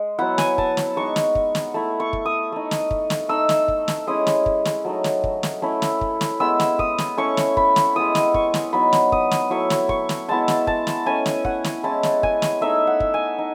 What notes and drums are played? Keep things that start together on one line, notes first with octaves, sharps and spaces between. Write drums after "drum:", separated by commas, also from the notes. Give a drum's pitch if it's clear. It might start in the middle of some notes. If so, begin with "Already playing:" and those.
Already playing: G#3
F#3 B3 E4 F#5
G#5, drum: snare
A5, drum: kick
drum: snare
G#3 D#4 C#6
drum: snare
drum: kick
drum: snare
A3 E4
C#6
drum: kick
D#6
A3 D#4
drum: snare
drum: kick
drum: snare
A3 D#4 E6
drum: snare
drum: kick
drum: snare
G#3 C#4 E4 D#6
drum: snare
drum: kick
drum: snare
F#3 A3 D#4
drum: snare
drum: kick
drum: snare
A3 C#4 E4
drum: snare
drum: kick
drum: snare
G#3 B3 E4 E6
drum: snare
D#6, drum: kick
drum: snare
A3 C#4 E4 C#6
drum: snare
B5, drum: kick
drum: snare
G#3 B3 E4 D#6
drum: snare
C#6, drum: kick
drum: snare
F#3 B3 D#4 B5
drum: snare
D#6, drum: kick
drum: snare
F#3 A3 E4 C#6
drum: snare
C#6, drum: kick
drum: snare
G#3 B3 E4 A5
drum: snare
A5, drum: kick
drum: snare
A3 C#4 E4 G#5
drum: snare
F#5, drum: kick
drum: snare
G#3 C#4 E4 A5
drum: snare
G#5, drum: kick
drum: snare
A3 D#4 E5
F#5
drum: kick
G#5
D#4